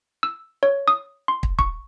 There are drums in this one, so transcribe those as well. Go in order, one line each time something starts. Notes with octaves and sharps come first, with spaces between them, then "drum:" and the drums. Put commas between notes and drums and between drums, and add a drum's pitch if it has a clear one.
E6
C#5
D#6
C6
drum: kick
C#6, drum: kick